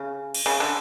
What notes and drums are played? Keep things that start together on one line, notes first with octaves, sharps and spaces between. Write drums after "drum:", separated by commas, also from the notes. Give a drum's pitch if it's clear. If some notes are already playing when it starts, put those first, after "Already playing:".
Already playing: C#3
drum: cymbal
C#3
D3